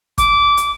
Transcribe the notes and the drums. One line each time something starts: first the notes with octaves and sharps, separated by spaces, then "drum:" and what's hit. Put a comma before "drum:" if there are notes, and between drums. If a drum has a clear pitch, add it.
D6, drum: kick, hi-hat
drum: hi-hat